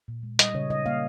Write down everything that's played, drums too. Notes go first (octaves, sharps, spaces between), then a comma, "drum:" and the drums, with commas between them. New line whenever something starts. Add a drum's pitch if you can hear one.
A#2
G#3
G3 D#5, drum: hi-hat
C#3 C#5
C#3 D#5
A#3 F5